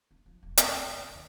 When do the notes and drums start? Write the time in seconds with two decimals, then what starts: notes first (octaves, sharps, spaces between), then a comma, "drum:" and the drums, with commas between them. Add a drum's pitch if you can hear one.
0.11 D4
0.26 F3
0.43 E1
0.57 C#3, drum: hi-hat
0.72 D2
0.85 C3
0.96 D#2
1.10 D#3